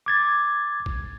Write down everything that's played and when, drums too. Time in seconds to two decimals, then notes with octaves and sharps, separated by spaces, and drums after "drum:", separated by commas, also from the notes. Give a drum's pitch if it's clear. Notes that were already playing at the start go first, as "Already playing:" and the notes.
0.06 D6 G#6 A6
0.86 drum: kick